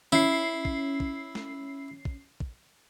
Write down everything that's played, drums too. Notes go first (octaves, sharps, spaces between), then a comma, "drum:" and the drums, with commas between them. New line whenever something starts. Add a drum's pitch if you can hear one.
C#4 E4 C7
drum: kick
drum: kick
drum: snare
drum: kick
drum: kick